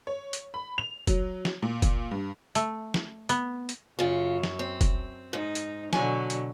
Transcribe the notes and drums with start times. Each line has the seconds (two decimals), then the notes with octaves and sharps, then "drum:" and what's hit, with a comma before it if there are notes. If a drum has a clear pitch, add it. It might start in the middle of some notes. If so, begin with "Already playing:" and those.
0.07 C#5
0.33 drum: hi-hat
0.54 B5
0.78 F7
1.07 F#3, drum: kick F1, hi-hat
1.45 drum: snare
1.62 A#2
1.82 drum: kick F1, hi-hat
2.11 G2
2.55 A3, drum: hi-hat
2.94 drum: snare
3.29 B3, drum: hi-hat
3.69 drum: hi-hat
3.99 F#2 C#3 F4
4.43 drum: snare
4.59 C4
4.81 drum: kick F1, hi-hat
5.33 G#2 D#4
5.55 drum: hi-hat
5.93 B2 D3 F#3 G#5, drum: snare
6.30 drum: hi-hat